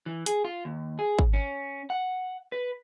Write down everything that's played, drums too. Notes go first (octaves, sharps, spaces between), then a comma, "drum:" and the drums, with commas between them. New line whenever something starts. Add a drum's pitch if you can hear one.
E3
G#4, drum: hi-hat
F4
D#2
G#4
drum: kick
C#4
F#5
B4